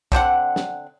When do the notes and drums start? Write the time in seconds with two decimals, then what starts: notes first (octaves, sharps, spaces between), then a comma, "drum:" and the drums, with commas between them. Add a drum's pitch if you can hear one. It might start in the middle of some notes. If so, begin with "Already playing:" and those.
0.12 D3 C4 D4 F#5, drum: kick B1
0.56 drum: snare